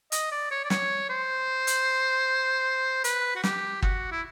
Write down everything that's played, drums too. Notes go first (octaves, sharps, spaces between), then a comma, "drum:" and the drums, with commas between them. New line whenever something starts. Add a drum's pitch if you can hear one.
D#5, drum: hi-hat
D5
C#5
D5
C#5, drum: snare
C5
drum: hi-hat
B4, drum: hi-hat
F#4
G4, drum: snare
F#4, drum: kick
E4